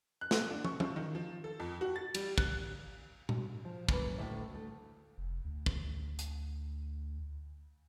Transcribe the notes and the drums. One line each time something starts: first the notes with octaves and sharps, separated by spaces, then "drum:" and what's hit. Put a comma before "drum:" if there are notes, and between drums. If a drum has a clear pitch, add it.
F#6
drum: snare
D4
C#6, drum: tom
F3, drum: tom
D#3
F3
A4
F2
F#4
A6
G3, drum: cymbal
F#6, drum: kick
drum: tom A#2
F3
F#2 A#3 B4, drum: kick
D2 A2 D3 A3 E5
D2 A3
F1
D2
drum: kick
drum: hi-hat